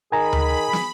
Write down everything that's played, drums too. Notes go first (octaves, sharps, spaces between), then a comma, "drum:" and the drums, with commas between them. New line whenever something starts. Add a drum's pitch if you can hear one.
D#3 G#4 G#5 A#5 B5
drum: tom D2
drum: snare